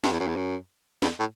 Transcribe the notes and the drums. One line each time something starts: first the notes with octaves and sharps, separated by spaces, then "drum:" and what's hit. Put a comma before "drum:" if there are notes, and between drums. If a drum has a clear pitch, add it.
G2, drum: snare
E2
F#2
E2
F#2
E2, drum: snare
A2